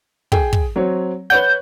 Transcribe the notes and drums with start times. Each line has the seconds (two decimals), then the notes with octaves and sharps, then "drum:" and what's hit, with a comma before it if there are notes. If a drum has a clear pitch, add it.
0.32 G#4 G5, drum: kick
0.53 drum: kick
0.76 F#3 C4 C#5
1.30 B4 C#5 F#5 G6